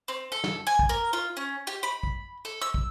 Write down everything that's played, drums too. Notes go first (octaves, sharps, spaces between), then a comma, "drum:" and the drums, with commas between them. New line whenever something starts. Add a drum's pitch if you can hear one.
C4
A4
drum: snare
G#5
drum: kick
A#4
F4
C#4
G4
B5
drum: kick
A4
E6
drum: kick